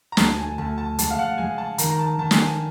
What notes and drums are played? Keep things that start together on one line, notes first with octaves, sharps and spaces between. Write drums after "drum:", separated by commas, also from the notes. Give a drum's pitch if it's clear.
A#5
D2 A5, drum: snare
G#5
D2 A5
A5
G#3 A5, drum: hi-hat
F5
F#5
G#3 G#5
A5
D#3 A#5, drum: hi-hat
A#5
A5
D#3 A5
G#5, drum: snare
A5